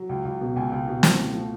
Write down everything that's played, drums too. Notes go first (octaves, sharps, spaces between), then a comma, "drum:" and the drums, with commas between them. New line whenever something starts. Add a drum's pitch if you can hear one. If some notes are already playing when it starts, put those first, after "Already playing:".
Already playing: F#3
C#2
C#2
B2
C#2 G#5
C#2
B2
A2, drum: snare
A2
F3